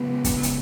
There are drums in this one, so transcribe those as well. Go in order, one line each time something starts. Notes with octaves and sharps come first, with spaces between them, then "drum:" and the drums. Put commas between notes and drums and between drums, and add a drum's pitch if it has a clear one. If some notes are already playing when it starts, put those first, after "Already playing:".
Already playing: C#3 E3 G#3 B3
B3, drum: kick, hi-hat
drum: hi-hat